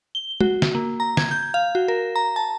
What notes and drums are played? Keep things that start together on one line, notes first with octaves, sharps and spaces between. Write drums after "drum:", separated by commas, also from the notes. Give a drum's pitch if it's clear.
G7
F#4, drum: tom
drum: snare
A#3
A#5
G#6, drum: snare
G6
F5
F#4
A#4
A#5
A5